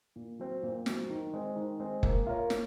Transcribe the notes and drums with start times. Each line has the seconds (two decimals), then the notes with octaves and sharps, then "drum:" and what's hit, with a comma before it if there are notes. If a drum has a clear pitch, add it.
0.16 A#2
0.39 F#3 C4
0.63 A#2
0.86 F#3 C4, drum: snare
1.10 D#3
1.34 G#3 C4
1.56 D#3
1.80 G#3 C4
2.03 A#3, drum: kick
2.27 F4 A#4 C#5
2.50 A#3, drum: snare